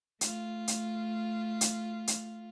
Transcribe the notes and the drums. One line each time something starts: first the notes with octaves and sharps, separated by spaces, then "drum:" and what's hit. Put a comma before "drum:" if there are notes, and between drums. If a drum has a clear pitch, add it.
A3 F4, drum: hi-hat
drum: hi-hat
drum: hi-hat
drum: hi-hat